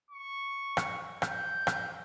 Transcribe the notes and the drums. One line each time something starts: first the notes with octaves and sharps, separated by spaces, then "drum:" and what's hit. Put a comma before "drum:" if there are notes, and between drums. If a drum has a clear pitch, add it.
C#6
drum: rim click
G6, drum: rim click
drum: rim click